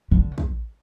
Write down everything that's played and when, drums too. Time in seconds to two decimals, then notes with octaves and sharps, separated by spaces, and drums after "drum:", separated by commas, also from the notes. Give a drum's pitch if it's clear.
0.11 D3
0.38 drum: kick